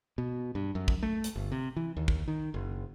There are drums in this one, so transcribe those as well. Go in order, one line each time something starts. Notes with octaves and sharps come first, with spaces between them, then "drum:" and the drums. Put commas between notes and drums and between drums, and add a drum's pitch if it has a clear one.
B2
G2
F#2
drum: kick
A3
drum: hi-hat
G1
C3
E3
D#2
drum: kick
D#3
F#1